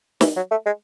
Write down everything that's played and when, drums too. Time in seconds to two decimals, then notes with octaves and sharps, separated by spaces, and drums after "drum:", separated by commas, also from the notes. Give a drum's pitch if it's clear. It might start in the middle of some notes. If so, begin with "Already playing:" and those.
0.21 E3, drum: snare
0.36 F#3
0.51 A3
0.66 G#3